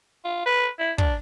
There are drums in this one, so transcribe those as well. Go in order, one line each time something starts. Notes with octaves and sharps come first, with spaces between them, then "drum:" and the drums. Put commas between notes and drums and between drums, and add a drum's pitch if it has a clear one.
F4
B4
E4
D4, drum: kick